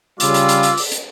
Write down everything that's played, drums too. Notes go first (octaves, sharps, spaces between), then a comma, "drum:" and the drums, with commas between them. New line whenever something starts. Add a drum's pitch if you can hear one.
C#3 G3 F4 D6 E6, drum: hi-hat
drum: hi-hat
drum: hi-hat
drum: hi-hat
drum: open hi-hat
drum: hi-hat